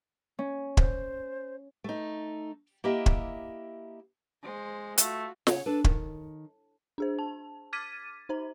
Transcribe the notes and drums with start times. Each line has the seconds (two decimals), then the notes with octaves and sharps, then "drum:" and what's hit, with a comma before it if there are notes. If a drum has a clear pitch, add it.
0.39 C#4
0.77 C5, drum: kick
1.84 A3 D#4
2.84 A#3 E4 G4 D#5 E5
3.06 drum: kick
4.43 G#3 C5
4.98 A3 F4 F#4, drum: hi-hat
5.47 C#3 C#5 F#5, drum: snare
5.66 D4 A4 B4
5.84 D#3, drum: kick
6.98 D4 G#4 C5
7.19 A5
7.73 D6 F6 G#6 A6 B6 D#7
8.29 D#4 C5 A#5